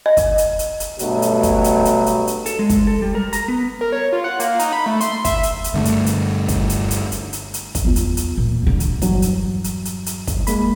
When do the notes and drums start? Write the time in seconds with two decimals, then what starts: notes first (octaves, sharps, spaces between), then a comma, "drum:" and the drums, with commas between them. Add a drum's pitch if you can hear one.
0.06 D#5
0.17 drum: kick, hi-hat
0.38 drum: hi-hat
0.59 drum: hi-hat
0.80 drum: hi-hat
0.99 G2 B2 F#3 A3, drum: hi-hat
1.22 drum: hi-hat
1.43 drum: kick, hi-hat
1.64 drum: hi-hat
1.85 drum: hi-hat
2.06 drum: hi-hat
2.27 drum: hi-hat
2.46 A4, drum: hi-hat
2.59 G#3
2.69 drum: kick, hi-hat
2.87 A4
3.02 G3
3.15 A#4
3.33 A#5, drum: hi-hat
3.48 B3
3.81 A#4
3.92 C#5
4.12 F4
4.24 F#5
4.40 A#3, drum: hi-hat
4.59 D#4, drum: hi-hat
4.73 B5
4.86 A3
5.01 C6, drum: hi-hat
5.25 E5, drum: kick, hi-hat
5.43 drum: hi-hat
5.64 drum: hi-hat
5.74 G2 D3 A3
5.85 drum: hi-hat
6.06 drum: hi-hat
6.48 drum: kick, hi-hat
6.69 drum: hi-hat
6.91 drum: hi-hat
7.12 drum: hi-hat
7.33 drum: hi-hat
7.54 drum: hi-hat
7.75 drum: kick, hi-hat
7.85 E2 F4
7.96 drum: hi-hat
8.17 drum: hi-hat
8.38 A#2
8.63 C2 D3
8.80 drum: hi-hat
9.02 E2 G2 F#3, drum: kick, hi-hat
9.22 drum: hi-hat
9.64 drum: hi-hat
9.85 drum: hi-hat
10.06 drum: hi-hat
10.27 drum: kick, hi-hat
10.47 G#3 A#3 B5, drum: hi-hat